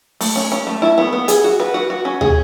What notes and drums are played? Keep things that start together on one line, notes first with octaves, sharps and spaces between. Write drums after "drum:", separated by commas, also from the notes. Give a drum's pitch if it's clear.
A3, drum: open hi-hat
C#4
C#4
A3
E4
B3
B3
G#4, drum: hi-hat
F#4
B4
F#4
F#4
C#4
G#4, drum: tom